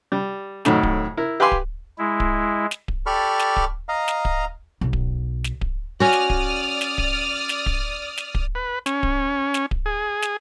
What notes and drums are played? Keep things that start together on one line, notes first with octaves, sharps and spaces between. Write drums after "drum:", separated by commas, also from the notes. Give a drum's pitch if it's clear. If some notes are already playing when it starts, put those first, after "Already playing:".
G3
F2 A2 D#3 F#3, drum: snare
drum: kick D1
E4 A#4
G4 B4 F5 G#5 C6 D6
drum: kick D1
G#3 E4
drum: kick D1
drum: snare
drum: kick D1
G4 A4 D5 B5 C#6 F6
drum: snare
drum: kick D1
D#5 F5 A#5
drum: snare
drum: kick D1
B1
drum: kick D1
drum: snare
drum: kick D1
C#4 F#4 D5 D#6 F6
drum: snare
drum: kick D1
drum: snare
drum: kick D1
drum: snare
drum: kick D1
drum: snare
drum: kick D1
B4
C#4, drum: snare
drum: kick D1
drum: snare
drum: kick D1
G#4
drum: snare